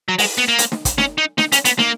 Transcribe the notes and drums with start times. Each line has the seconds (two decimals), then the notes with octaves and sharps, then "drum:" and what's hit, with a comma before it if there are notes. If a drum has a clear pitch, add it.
0.09 F#3
0.19 G#3, drum: open hi-hat
0.38 B3
0.48 A#3
0.58 drum: hi-hat
0.72 drum: snare
0.85 drum: kick, hi-hat
0.98 C#4, drum: snare
1.18 D#4
1.38 D#4, drum: snare
1.52 C#4, drum: hi-hat
1.65 B3, drum: hi-hat
1.79 A#3, drum: snare